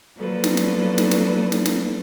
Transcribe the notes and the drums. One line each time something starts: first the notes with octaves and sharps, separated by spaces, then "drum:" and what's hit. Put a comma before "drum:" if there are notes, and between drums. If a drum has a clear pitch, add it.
F3 F#3 A#3 A4 B4 D5
drum: snare
drum: snare
drum: snare
drum: snare
drum: snare
drum: snare